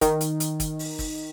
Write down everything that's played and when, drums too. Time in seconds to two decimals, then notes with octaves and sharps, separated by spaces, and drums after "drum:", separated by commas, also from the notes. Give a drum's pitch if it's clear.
0.01 D#3, drum: kick G1, hi-hat
0.21 drum: hi-hat
0.40 drum: hi-hat
0.60 drum: kick G1, hi-hat
0.79 drum: open hi-hat
0.99 drum: kick G1, open hi-hat